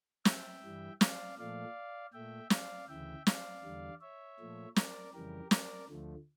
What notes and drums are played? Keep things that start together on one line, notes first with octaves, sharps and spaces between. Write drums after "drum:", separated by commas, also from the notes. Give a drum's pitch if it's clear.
E5 G5, drum: snare
G2 E3 G3
D5 F5, drum: snare
A#2 F3 A3 D5 F5
A#2 A3 E5 G5
D5 F5, drum: snare
D2 C#3 E3 E5 G5
D5 F5, drum: snare
E2 D3 G3
C#5 E5
A#2 F3 A3
A#4 D5, drum: snare
F2 C#3 E3 G3 G4 A#4
A#4 D5, drum: snare
D2 D3 F3 A3